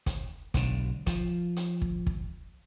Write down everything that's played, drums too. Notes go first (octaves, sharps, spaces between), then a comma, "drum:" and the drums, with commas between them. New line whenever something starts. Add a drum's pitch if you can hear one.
drum: kick, hi-hat
B1 D3, drum: kick, hi-hat
F3, drum: kick, hi-hat
drum: hi-hat
drum: kick
drum: kick